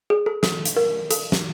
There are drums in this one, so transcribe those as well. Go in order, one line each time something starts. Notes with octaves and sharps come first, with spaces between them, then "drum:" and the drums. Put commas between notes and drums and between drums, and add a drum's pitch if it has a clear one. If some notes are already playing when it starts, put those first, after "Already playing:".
G#4
A4
A4, drum: snare
drum: hi-hat
A#4
A4, drum: hi-hat
drum: snare